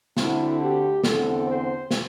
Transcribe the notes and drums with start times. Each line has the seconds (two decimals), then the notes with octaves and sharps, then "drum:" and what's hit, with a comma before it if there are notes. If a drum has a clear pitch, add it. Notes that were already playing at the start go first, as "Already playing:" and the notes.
0.17 D2 D3 C4 E4, drum: snare
0.60 G4
1.04 E2 D3 C4 A4, drum: snare
1.47 C5
1.91 drum: snare